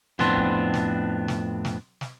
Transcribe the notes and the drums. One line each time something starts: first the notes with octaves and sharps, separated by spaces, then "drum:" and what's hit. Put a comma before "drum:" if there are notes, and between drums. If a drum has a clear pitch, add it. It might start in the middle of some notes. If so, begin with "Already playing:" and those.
F2 A2 B3 C4 D4 C6, drum: snare
drum: kick
drum: snare
drum: snare
drum: snare
drum: snare